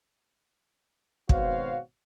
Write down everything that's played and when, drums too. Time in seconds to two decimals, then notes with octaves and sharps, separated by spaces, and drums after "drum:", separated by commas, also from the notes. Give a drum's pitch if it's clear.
1.29 G#1 B2 F#4 C5 C#5 F5, drum: kick